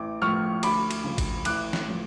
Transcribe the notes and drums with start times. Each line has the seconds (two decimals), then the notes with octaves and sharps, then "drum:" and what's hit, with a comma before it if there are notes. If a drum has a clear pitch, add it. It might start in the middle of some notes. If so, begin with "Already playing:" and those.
Already playing: A1 D6
0.22 A2 F3 C#6 F6
0.63 D2 B5 D6, drum: cymbal
0.91 drum: cymbal
1.04 C#3 F3
1.18 drum: kick G#1, cymbal
1.45 A1 D6 F#6, drum: cymbal
1.73 drum: snare
1.87 A2 F3